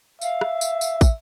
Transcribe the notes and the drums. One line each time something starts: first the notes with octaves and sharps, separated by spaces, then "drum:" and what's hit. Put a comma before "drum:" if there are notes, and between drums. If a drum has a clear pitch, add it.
E5 F5, drum: tambourine
drum: rim click
drum: tambourine
drum: tambourine
drum: kick, tambourine